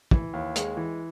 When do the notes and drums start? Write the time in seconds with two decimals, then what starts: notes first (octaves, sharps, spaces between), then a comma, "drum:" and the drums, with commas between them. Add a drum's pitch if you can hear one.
0.11 E3, drum: kick
0.33 D#2
0.56 G#3, drum: hi-hat
0.77 E3